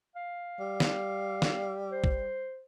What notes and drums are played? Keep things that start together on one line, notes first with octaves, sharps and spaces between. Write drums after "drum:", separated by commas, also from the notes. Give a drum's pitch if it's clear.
F5
G3
drum: snare
drum: snare
C5
drum: kick